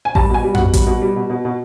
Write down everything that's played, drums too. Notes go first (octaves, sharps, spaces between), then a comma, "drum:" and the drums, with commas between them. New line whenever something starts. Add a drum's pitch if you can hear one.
G#5
G3 A5, drum: kick A1
B2 G#5
G3
B2 F#5, drum: tom F2
G3, drum: kick A1, hi-hat
B2
G3
B2
B2
B2